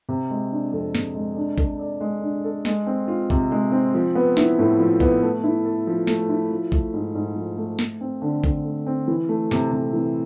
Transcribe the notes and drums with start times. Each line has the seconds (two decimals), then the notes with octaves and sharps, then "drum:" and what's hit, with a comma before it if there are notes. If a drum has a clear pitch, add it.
0.09 C3
0.30 G#3
0.51 D4
0.72 F2
0.95 C3, drum: snare
1.15 G#3
1.36 D4
1.58 A4, drum: kick A#1
1.79 D5
2.00 G#3
2.22 D4
2.44 A4
2.65 G#3, drum: snare
2.87 C4
3.08 F4
3.30 C3, drum: kick A#1
3.51 G#3
3.72 C4
3.94 F3
4.15 B3
4.37 E4, drum: snare
4.59 A2
4.79 F3
5.00 B3, drum: kick A#1
5.22 A3
5.44 E4
5.65 A4
5.87 F3
6.07 A3, drum: snare
6.29 E4
6.50 F3
6.72 A3, drum: kick A#1
6.94 G#2
7.15 G#2
7.36 F3
7.58 A3
7.79 A3, drum: snare
8.01 C4
8.22 D3
8.44 D3, drum: kick A#1
8.64 A3
8.86 C4
9.08 E3
9.29 A3
9.51 C3, drum: snare
9.72 C3
9.93 E3